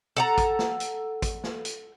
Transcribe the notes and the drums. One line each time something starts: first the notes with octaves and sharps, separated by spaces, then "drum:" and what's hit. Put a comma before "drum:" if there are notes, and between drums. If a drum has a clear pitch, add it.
A4 F#5 A#5
drum: kick, hi-hat
drum: snare
drum: hi-hat
drum: kick, hi-hat
drum: snare
drum: hi-hat